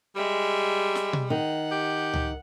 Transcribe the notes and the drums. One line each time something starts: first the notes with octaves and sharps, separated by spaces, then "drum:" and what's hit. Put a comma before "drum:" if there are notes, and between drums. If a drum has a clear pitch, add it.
G3 G#3 E5
drum: snare
drum: tom B2
D#3 F#5
G4
drum: tom C#2